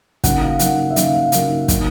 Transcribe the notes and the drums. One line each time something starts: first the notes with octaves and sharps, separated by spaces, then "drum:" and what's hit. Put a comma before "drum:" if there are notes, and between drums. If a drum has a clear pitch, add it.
C#3 F#3 A#3 D#4 F#5, drum: kick, hi-hat
F5
C#3 F#3 A#3 D#4 F#5, drum: hi-hat
E5
C#3 F#3 A#3 D#4 F5, drum: hi-hat
F5
C#3 F#3 A#3 D#4, drum: hi-hat
F#3 A#3 D#4, drum: kick, hi-hat